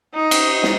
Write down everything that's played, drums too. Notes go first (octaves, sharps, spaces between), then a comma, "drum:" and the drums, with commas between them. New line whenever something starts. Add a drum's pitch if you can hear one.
D#4
drum: cymbal
drum: snare